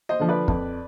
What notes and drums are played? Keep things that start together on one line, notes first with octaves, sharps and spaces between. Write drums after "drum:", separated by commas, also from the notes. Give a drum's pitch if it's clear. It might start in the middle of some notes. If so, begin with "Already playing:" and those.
C5 D#5
D3 F3
B4 D5
F2, drum: kick